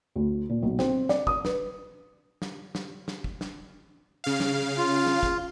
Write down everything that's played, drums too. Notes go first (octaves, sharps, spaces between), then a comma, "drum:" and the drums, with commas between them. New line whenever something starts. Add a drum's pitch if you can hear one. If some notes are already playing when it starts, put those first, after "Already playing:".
D2
A#2
B1
C4, drum: snare
D5, drum: snare
D#6, drum: kick
B4, drum: snare
drum: snare
drum: snare
drum: snare
drum: kick
drum: snare
C#3 F5
drum: snare
F4
drum: snare
drum: kick